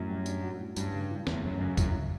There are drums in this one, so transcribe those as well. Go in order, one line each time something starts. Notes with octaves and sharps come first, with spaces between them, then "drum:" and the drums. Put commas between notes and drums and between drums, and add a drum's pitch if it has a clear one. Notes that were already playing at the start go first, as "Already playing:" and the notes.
Already playing: F#2 A2
G3
D4, drum: tambourine
F#4
A2
G2 C#4, drum: tambourine
C#3
E3
E2 A3, drum: snare
F#2 C#4
F#2 C#3
F#2 E4, drum: kick C#2, tambourine
C#3